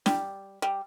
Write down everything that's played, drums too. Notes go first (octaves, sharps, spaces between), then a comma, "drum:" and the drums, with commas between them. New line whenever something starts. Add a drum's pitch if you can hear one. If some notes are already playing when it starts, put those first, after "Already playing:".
G3, drum: snare
G3